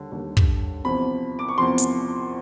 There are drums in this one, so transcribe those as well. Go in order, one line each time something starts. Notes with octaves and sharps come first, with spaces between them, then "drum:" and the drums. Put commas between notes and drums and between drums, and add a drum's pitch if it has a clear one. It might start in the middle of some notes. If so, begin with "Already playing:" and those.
Already playing: D#2 D3 G3
D#2 D3 G3
drum: kick
E2 C3 F3 B5
D6
C#6
E2 C3 F3 C6
drum: hi-hat